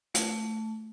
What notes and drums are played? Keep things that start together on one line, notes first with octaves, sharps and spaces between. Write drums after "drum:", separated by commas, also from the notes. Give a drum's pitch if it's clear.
A3, drum: hi-hat